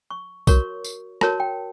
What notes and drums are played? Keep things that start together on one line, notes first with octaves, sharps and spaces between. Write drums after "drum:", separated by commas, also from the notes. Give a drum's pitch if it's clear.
C#6
F#4 A#4 C#5 C#6, drum: kick B1, tambourine
drum: tambourine
F#4 A#4 C#5 A5, drum: rim click
G5